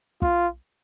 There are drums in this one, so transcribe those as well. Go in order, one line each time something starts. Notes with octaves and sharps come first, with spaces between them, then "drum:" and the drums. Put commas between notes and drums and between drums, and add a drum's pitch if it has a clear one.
F4, drum: kick